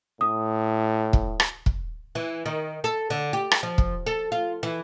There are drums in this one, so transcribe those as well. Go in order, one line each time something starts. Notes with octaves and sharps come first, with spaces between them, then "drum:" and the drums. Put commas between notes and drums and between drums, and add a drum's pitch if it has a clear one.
A2 D#6
drum: kick
drum: rim click
drum: kick
E3
D#3
A4
D3
G4
drum: rim click
F3
drum: kick
A4
F4
E3